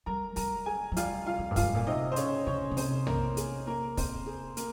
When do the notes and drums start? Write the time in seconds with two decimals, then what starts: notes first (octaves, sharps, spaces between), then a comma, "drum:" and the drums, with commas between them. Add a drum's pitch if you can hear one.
0.06 G3 A#4 A#5
0.36 G3 A#4 A#5, drum: open hi-hat
0.66 G#4 G#5
0.92 F3
0.97 G3 F4 F5, drum: hi-hat
1.26 F4 F5
1.39 F2
1.51 G2
1.56 F4 F5, drum: kick, open hi-hat
1.63 G#2
1.75 A#2
1.87 C3 D#4 D#5
2.12 C5
2.16 C#3 C#4 C#5, drum: hi-hat
2.47 C#3 C#4 C#5
2.71 C#3
2.77 C3 C4 C5, drum: open hi-hat
3.07 A#3 A#4, drum: tom
3.37 G#4, drum: hi-hat
3.67 A#3 A#4
3.97 C4 C5, drum: kick, open hi-hat
4.26 G#4
4.57 A#3 A#4, drum: hi-hat